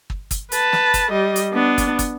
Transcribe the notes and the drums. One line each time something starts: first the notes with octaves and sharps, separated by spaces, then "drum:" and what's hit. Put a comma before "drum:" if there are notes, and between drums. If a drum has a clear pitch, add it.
drum: kick
drum: kick, hi-hat
B4 A5, drum: hi-hat
drum: snare
drum: kick, hi-hat
G3 D#5
drum: hi-hat
B3 D4
drum: kick, hi-hat
drum: kick, hi-hat